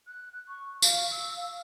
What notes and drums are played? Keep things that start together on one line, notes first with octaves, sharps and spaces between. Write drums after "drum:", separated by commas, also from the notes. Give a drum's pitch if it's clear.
F#6
C#6
F5, drum: tambourine
E6
F5